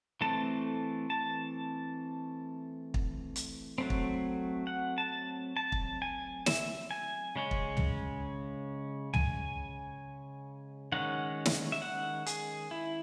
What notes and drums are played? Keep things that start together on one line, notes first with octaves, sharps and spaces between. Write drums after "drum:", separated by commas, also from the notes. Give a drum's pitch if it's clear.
E3 A3 C4 A5
A5
drum: kick
drum: hi-hat
F#3 A3 C4
drum: kick
F#5
A5
A5
drum: kick
G#5
E5, drum: snare
G#5
C#3 G#3 C#4
drum: kick
drum: tom
G#5, drum: tom
D#3 G#3 C#4 F#5
drum: snare
E5
F#5
G#4, drum: hi-hat
E4